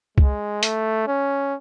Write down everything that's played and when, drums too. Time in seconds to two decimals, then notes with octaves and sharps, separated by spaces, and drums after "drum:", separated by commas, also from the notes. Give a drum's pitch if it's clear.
0.18 G#3, drum: kick C2
0.63 A3, drum: hi-hat
1.08 C#4